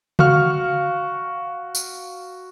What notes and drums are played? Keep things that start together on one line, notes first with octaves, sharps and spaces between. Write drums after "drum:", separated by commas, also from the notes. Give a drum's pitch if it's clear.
F#4 F5 C#6 F6, drum: tom C#3
drum: tambourine